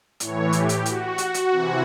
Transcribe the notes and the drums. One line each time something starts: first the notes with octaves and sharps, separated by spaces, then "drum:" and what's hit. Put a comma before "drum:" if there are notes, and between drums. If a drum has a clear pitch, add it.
A2 E3 C#5, drum: hi-hat
G4, drum: hi-hat
drum: hi-hat
F#4, drum: hi-hat
drum: hi-hat
drum: hi-hat
C3 E3